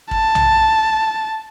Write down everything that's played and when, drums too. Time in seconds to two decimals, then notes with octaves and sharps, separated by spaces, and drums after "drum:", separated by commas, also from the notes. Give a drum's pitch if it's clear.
0.11 A5, drum: kick
0.35 drum: tom B1